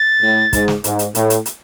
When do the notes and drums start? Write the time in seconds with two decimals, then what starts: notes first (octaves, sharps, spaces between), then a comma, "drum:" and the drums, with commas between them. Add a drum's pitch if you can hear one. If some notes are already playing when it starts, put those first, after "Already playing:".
Already playing: A6
0.21 A2
0.53 G#2, drum: kick, hi-hat
0.68 drum: snare
0.84 G#2, drum: hi-hat
0.99 drum: hi-hat
1.15 A2, drum: hi-hat
1.30 drum: hi-hat
1.46 drum: hi-hat